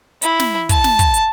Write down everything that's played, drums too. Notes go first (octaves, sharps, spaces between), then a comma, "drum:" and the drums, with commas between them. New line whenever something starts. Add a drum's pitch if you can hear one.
E4, drum: hi-hat
drum: snare
A5, drum: kick, hi-hat
drum: snare
drum: kick, hi-hat
drum: hi-hat